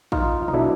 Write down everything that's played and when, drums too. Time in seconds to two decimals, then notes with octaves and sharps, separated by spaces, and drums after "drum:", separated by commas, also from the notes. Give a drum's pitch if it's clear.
0.12 D#4 F4, drum: kick
0.48 D#4, drum: tom A#2
0.53 B2 F#3 A3 D4 E4